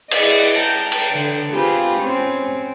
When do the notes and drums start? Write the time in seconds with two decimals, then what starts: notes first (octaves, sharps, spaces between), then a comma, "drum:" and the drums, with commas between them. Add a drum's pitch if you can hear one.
0.11 E4 G#4 D5 D#5, drum: cymbal
0.59 G5 A5 A#5
0.92 drum: cymbal
1.11 D3
1.53 C4 F4 G4 G#4 B4
2.01 C4 C#4